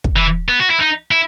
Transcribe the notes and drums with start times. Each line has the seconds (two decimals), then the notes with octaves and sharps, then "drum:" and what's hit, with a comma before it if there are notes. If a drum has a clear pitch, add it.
0.04 drum: kick
0.16 E3
0.49 B3
0.60 F#4
0.70 E4
0.80 D#4
1.11 E4